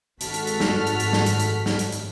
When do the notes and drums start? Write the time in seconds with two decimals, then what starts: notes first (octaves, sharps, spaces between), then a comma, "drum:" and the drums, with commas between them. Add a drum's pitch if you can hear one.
0.21 G#1 F#4 A4 F6 B6, drum: hi-hat
0.34 drum: hi-hat
0.47 drum: hi-hat
0.60 drum: snare
0.87 drum: hi-hat
1.00 drum: hi-hat
1.13 drum: snare
1.26 drum: hi-hat
1.40 drum: hi-hat
1.66 drum: snare
1.79 drum: hi-hat
1.92 drum: hi-hat